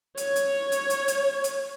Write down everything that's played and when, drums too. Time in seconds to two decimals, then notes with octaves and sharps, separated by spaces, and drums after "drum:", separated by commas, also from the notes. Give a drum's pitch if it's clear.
0.17 C#5, drum: hi-hat
0.36 drum: hi-hat
0.72 drum: hi-hat
0.90 drum: hi-hat
1.08 drum: hi-hat
1.44 drum: hi-hat